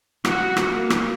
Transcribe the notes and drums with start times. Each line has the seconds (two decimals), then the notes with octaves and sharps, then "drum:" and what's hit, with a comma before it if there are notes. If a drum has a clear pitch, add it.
0.25 F#4, drum: rim click
0.57 drum: rim click
0.73 A#3
0.90 drum: rim click